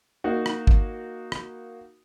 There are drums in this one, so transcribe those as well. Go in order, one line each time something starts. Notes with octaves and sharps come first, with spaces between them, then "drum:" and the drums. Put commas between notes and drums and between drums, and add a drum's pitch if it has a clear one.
A#3 D#4 F#4
drum: rim click
drum: kick
drum: rim click